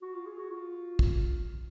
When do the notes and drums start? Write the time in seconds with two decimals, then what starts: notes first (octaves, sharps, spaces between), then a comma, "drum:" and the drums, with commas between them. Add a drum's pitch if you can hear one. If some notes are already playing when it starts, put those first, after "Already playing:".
0.02 F#4
0.14 F4
0.26 G#4
0.38 F#4
0.51 F4
0.99 drum: kick